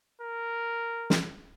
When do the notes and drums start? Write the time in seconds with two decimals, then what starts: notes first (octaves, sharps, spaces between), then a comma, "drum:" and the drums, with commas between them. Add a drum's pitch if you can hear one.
0.21 A#4
1.10 drum: snare